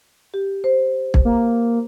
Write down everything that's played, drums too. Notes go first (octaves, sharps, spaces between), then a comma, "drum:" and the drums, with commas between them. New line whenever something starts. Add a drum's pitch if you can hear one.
G4
C5
drum: kick
A#3